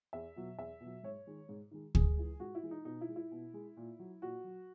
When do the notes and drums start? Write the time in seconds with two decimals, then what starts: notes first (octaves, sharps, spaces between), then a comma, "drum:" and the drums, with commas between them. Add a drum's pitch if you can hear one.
0.13 E2 E5
0.36 B2 F#3
0.58 E2 E5
0.80 B2
0.86 F#3
1.03 G#2 C#5
1.27 D#3 G#3
1.49 G#2
1.71 D#3 G#3
1.95 G#2 G#4, drum: kick
2.17 E3 G#3
2.40 G#2 F#4
2.55 E4
2.63 E3 G#3
2.71 D#4
2.85 B2 D#4
3.01 E4
3.09 G#3
3.16 E4
3.32 B2
3.54 G#3
3.77 A#2
3.99 F#3
4.22 A#2 F#4
4.44 F#3